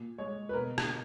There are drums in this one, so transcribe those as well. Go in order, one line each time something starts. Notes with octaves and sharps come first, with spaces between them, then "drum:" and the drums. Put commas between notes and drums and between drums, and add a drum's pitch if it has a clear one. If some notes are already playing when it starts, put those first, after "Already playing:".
Already playing: A#2
G#3 C#5
B4
B2 A#4
drum: rim click